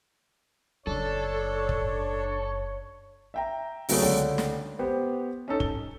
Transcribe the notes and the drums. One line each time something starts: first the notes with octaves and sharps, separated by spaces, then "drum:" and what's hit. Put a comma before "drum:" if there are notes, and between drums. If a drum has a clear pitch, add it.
F#1 D4 A4 C#5
drum: kick
E5 G5 A#5
C#3 F#3 A3 B3 G#4 C#5, drum: open hi-hat
C#2 D3 C#5 G5
drum: snare
B3 G4 C5
C#4 D#4 A4
G7, drum: kick